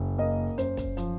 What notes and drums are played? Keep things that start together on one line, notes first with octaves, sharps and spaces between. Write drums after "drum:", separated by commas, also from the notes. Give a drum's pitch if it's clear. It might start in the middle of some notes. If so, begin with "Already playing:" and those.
Already playing: F#1
A#3 D#5
F#2 C5, drum: hi-hat
drum: kick, hi-hat
F3, drum: hi-hat